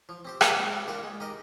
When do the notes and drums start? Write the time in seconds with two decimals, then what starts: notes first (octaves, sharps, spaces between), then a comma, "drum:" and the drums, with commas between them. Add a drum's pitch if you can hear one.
0.09 F3
0.25 C4 G4 C5
0.41 A#2, drum: rim click
0.57 G#3 C4
0.72 G3
0.88 A#3 D4 F4 A#4
1.03 G#3
1.20 D#4 G4 A#4 D#5